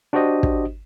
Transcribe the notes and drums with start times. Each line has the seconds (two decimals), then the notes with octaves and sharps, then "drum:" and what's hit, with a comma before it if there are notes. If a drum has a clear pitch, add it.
0.13 D4 F#4 G4 C5 D#5
0.43 drum: kick